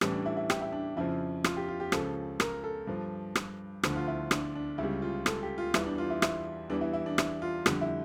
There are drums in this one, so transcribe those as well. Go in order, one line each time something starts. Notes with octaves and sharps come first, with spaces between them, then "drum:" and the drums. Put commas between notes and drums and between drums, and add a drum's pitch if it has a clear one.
A2 E3 G3 C#4, drum: rim click
D4
E4
E4
G4, drum: rim click
E4
D4
F2 C#3 F3 E4
F4, drum: rim click
G4
F4
G4
C#2 C#3 F3 A4, drum: rim click
A#4, drum: rim click
A4
G2 F3
drum: rim click
D2 D3 F3, drum: rim click
F4
E4
D4, drum: rim click
D4
C#2 C#3 G3 E4
F4
A4, drum: rim click
G4
F4
E2 E3 G3 E4, drum: rim click
D4
F4
E4
E4, drum: rim click
E2 E3 G3 D4
E4
E4
D4
E4, drum: rim click
F4
F2 D3 G3, drum: rim click
E4